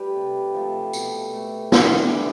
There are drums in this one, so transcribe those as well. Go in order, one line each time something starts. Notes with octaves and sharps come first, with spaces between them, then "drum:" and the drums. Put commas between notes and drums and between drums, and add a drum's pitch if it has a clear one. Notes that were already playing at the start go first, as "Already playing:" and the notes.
Already playing: G3 A3 G4 A4 B4 D5 E5
C3
F3 A3
B2, drum: tambourine
A3
C3 B3 D4, drum: snare
E3 G3